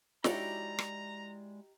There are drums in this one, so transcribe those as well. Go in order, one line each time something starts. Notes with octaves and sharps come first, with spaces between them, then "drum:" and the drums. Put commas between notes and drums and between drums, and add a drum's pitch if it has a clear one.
G#3 D#4 E4 F#4 G4 C#5 D5 A#5, drum: snare
drum: rim click